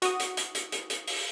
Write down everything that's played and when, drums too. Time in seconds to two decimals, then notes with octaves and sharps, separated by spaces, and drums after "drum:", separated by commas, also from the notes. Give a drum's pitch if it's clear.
0.02 F#4 D#6, drum: hi-hat
0.19 drum: hi-hat
0.37 drum: hi-hat
0.55 drum: hi-hat
0.72 drum: hi-hat
0.90 drum: hi-hat
1.07 drum: open hi-hat